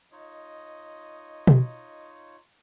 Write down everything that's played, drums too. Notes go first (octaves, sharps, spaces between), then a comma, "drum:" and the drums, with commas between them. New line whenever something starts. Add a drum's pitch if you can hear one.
D#4 F4 C#5 D#5
drum: tom B2